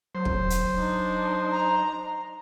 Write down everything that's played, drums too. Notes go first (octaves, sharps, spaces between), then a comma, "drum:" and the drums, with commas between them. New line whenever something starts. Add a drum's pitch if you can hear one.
F#3 C5
drum: kick
drum: hi-hat
D4 D#4
A#5